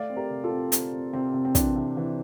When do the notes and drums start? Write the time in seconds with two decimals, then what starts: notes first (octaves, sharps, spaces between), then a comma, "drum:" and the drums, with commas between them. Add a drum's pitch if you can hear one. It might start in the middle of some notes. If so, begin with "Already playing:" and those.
Already playing: A3 D5 F5
0.09 C4
0.16 G4 A#4
0.30 C3
0.44 F4 A4
0.51 C4
0.72 C4, drum: hi-hat
0.93 C4
1.13 C3 C4
1.34 C3
1.45 C4
1.55 E3 D4, drum: kick, hi-hat
1.76 C3
1.97 E3